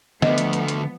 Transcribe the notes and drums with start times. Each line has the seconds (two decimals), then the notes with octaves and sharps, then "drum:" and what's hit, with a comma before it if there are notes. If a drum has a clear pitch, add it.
0.22 D3 F3 A3 B3 D#5, drum: snare
0.38 drum: hi-hat
0.53 drum: hi-hat
0.68 drum: hi-hat